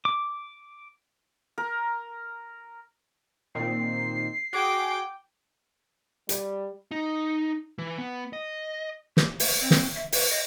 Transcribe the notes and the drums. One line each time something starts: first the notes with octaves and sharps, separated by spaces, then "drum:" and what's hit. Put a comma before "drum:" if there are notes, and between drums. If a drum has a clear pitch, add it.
D6
A#4
A#2 D#3 C4 C7
F#4 G#4 G5 D6
G3, drum: hi-hat
D#4
E3
B3
D#5
G4, drum: snare
A3, drum: open hi-hat
C4
drum: snare
E5
B4, drum: open hi-hat
D#5